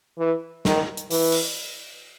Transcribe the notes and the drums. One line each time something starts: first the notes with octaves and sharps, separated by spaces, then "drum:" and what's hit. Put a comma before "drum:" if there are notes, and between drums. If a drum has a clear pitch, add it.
E3
D#3, drum: snare
drum: hi-hat
E3, drum: open hi-hat
drum: cymbal